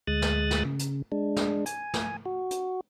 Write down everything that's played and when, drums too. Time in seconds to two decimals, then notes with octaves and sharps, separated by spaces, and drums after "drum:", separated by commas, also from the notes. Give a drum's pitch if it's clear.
0.07 D2 G#3 D#6 F#6 A6
0.22 drum: snare
0.51 drum: snare
0.65 C#3
0.79 drum: hi-hat
1.12 G#3 D4
1.36 drum: snare
1.66 G#5, drum: hi-hat
1.94 drum: snare
2.26 F#4
2.51 drum: hi-hat